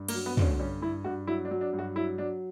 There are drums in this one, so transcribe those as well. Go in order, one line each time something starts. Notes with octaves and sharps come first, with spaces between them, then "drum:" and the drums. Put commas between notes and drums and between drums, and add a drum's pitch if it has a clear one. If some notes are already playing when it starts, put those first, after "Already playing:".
Already playing: G2
A#3, drum: cymbal
F#3
B3
D3 C#4, drum: tom
G2 C#4
G2 E4
G2 F#4
F#3 E4
D4
F#3
D4
G2
F#4
F#3 E4
F#3 D4